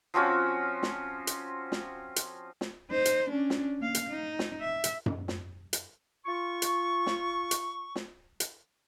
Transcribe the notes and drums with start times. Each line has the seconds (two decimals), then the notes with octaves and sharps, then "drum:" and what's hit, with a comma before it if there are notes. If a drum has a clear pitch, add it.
0.14 F3 C4 C#4 F#4
0.83 drum: snare
1.27 drum: hi-hat
1.72 drum: snare
2.16 drum: hi-hat
2.61 drum: snare
2.91 D#4 C5
3.05 drum: hi-hat
3.30 C#4 D4
3.50 drum: snare
3.79 A#3 F5
3.95 drum: hi-hat
4.09 D#4
4.39 drum: snare
4.61 E5
4.84 drum: hi-hat
5.06 drum: tom F#2
5.28 drum: snare
5.73 drum: hi-hat
6.26 F4 C#6
6.62 drum: hi-hat
7.06 drum: snare
7.51 drum: hi-hat
7.96 drum: snare
8.40 drum: hi-hat